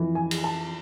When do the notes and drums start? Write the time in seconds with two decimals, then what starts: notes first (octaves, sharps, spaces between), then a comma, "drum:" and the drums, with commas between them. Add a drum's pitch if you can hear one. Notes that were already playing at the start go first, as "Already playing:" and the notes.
Already playing: F2 E3
0.15 G#5
0.31 drum: cymbal
0.44 A5